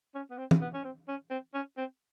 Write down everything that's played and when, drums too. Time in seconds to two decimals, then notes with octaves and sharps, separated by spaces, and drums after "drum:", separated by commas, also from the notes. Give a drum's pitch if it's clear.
0.15 C#4
0.31 B3
0.38 C4
0.51 drum: tom
0.61 B3
0.73 C#4
0.84 C4
1.08 C#4
1.30 C4
1.54 C#4
1.77 C4